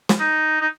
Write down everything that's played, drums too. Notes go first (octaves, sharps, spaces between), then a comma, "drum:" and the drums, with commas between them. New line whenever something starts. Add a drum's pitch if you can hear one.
drum: snare
D#4
D#4